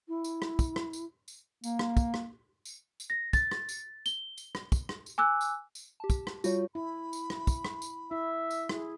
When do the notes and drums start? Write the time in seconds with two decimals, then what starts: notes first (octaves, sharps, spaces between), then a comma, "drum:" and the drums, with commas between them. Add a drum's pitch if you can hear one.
0.08 E4
0.24 drum: tambourine
0.42 drum: rim click
0.59 drum: kick, tambourine
0.76 drum: rim click
0.93 drum: tambourine
1.28 drum: tambourine
1.64 A#3, drum: tambourine
1.79 drum: rim click
1.97 drum: kick, tambourine
2.14 drum: rim click
2.65 drum: tambourine
3.00 drum: tambourine
3.10 A#6
3.33 A6, drum: kick, tambourine
3.51 drum: rim click
3.69 drum: tambourine
4.06 G7, drum: tambourine
4.38 drum: tambourine
4.55 drum: rim click
4.72 drum: kick, tambourine
4.89 drum: rim click
5.06 drum: tambourine
5.18 G#5 D6 E6 F#6
5.41 drum: tambourine
5.75 drum: tambourine
6.00 G4 A5
6.10 drum: kick, tambourine
6.27 drum: rim click
6.44 G3 F4 F#4 C#5, drum: tambourine
6.75 E4 B5
7.13 drum: tambourine
7.30 drum: rim click
7.47 drum: kick, tambourine
7.65 drum: rim click
7.82 drum: tambourine
8.11 E4 E5
8.51 drum: tambourine
8.69 E4 G#4, drum: rim click